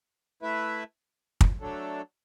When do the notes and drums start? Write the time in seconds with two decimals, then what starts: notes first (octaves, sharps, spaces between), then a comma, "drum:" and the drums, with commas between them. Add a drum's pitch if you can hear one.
0.42 A3 E4 B4 E5
1.41 drum: kick
1.60 F#3 A3 D4 A4